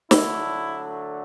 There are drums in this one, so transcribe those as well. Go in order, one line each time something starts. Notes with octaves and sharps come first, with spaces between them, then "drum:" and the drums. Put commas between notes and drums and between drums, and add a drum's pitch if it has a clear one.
D3 F#3 A3 D4 E4 A4, drum: snare